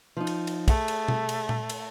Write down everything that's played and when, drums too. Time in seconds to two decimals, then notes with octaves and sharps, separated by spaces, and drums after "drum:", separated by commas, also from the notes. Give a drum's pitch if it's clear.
0.17 F3 D#4
0.27 drum: cymbal
0.47 drum: cymbal
0.68 A3 G#4 F#5, drum: kick, cymbal
0.88 drum: cymbal
1.08 drum: tom B2
1.29 drum: cymbal
1.49 drum: tom A#2
1.70 drum: cymbal